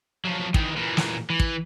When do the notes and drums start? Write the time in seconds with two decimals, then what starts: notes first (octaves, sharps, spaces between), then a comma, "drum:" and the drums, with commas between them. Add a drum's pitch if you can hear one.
0.25 F3 F#3
0.54 D#3 E3, drum: kick
0.76 A#2 E3
0.97 drum: snare
1.30 E3
1.40 drum: kick